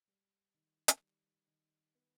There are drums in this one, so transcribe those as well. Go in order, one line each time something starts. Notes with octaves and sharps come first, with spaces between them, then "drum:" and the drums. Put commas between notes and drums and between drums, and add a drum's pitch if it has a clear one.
G3
D#3
drum: hi-hat
G3
D#3
B3